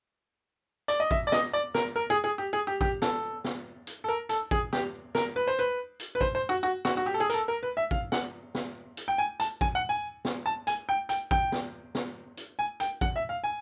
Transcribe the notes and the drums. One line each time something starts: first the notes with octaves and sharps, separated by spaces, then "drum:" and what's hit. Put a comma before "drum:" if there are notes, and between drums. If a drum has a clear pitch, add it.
D5, drum: hi-hat
D#5
E5, drum: kick
D5
D#5, drum: snare
D5
A#4, drum: snare
A#4
G#4
G#4
G4
G#4
G4
G4, drum: kick
A4, drum: snare
drum: snare
drum: hi-hat
A4
A#4
A4, drum: hi-hat
G#4, drum: kick
G4, drum: snare
A#4, drum: snare
B4
C5
B4
drum: hi-hat
B4
C5, drum: kick
C5
F#4
F#4
F#4, drum: snare
F#4
G4
A4
G#4
A#4, drum: hi-hat
A4
A#4
B4
E5
F5, drum: kick
F#5, drum: snare
drum: snare
drum: hi-hat
G5
G#5
A5, drum: hi-hat
G#5, drum: kick
F#5
G#5
drum: snare
A5
G#5, drum: hi-hat
G5
G5, drum: hi-hat
G5, drum: kick
drum: snare
drum: snare
drum: hi-hat
G#5
G5, drum: hi-hat
F#5, drum: kick
E5
F5
G#5